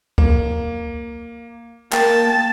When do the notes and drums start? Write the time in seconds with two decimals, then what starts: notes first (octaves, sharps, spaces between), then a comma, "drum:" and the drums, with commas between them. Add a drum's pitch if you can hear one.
0.18 A#3, drum: kick C#2
1.93 A#3 G5 A5, drum: clap